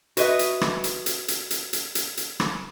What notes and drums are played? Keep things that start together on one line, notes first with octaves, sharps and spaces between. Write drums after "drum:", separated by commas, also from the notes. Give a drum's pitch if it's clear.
F#4 B4 C5 D#5 E5, drum: hi-hat
drum: hi-hat
drum: rim click
drum: hi-hat
drum: hi-hat
drum: hi-hat
drum: hi-hat
drum: hi-hat
drum: hi-hat
drum: hi-hat
drum: rim click